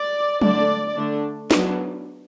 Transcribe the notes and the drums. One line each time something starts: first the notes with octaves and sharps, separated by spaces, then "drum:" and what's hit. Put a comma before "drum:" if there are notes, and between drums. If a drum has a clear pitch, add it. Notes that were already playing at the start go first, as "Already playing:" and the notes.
Already playing: D5
D3 A3 D4 D5, drum: tom F#3
D3 A3 D4
F#3 B3 D4, drum: snare